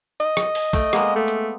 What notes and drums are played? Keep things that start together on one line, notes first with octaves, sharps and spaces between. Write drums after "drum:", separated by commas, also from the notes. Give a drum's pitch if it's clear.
D#5, drum: hi-hat
drum: rim click
drum: open hi-hat
A3 G5, drum: kick, hi-hat
G#3 A#3 B3, drum: rim click
A3
drum: hi-hat